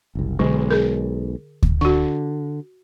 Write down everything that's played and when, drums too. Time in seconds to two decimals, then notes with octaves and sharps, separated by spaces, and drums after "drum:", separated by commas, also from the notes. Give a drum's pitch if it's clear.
0.15 F#1 C2
0.39 B1 D3 G#3
0.71 G#4 A#4
1.63 drum: kick D2
1.81 D3 F#4 C#6